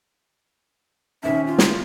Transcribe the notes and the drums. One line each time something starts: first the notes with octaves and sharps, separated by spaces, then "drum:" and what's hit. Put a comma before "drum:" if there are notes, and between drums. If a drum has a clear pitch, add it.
D#2 C3 D#3 C#4 E5
F4
drum: snare